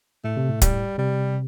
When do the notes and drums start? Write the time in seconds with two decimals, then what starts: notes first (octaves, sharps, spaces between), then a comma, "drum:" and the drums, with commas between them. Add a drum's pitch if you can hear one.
0.24 A2 A3
0.37 C3
0.49 A2
0.62 G3, drum: kick, hi-hat
0.98 C3 G3